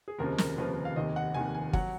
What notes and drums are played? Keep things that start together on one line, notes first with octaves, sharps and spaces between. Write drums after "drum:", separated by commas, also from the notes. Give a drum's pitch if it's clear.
G#4
F1 D#2 C#3 F3 A#4
A#4, drum: snare
F1 D#2 C#3 F3 B4
F5
F1 D#2 D#3 D#5
F#5
F1 D#2 D#3 G#5
G#5
F#3 F#5, drum: kick G1